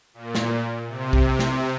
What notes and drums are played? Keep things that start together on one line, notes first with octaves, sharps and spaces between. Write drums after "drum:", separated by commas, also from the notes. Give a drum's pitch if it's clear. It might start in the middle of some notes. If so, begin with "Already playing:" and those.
A#2
drum: snare
C3
drum: kick B1
drum: snare